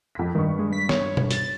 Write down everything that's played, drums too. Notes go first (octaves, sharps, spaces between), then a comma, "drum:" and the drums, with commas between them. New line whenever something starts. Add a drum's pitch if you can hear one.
F2 B6
G2 D#3 C#6
G#3
B6
C#5, drum: snare
drum: tom
A6, drum: hi-hat